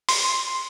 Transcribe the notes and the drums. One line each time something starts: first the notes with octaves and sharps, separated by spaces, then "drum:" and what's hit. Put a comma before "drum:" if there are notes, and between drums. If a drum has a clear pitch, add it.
C6, drum: open hi-hat